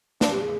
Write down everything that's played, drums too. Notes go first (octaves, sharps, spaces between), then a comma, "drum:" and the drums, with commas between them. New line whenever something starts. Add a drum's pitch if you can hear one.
D4, drum: snare
G4
G#4